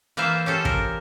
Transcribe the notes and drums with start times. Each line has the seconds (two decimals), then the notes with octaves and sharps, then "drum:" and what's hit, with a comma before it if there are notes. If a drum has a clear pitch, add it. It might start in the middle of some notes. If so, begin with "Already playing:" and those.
0.17 E3 A#3 F4 C5 E5
0.46 C#4 G4 A4 C5
0.65 A#4, drum: kick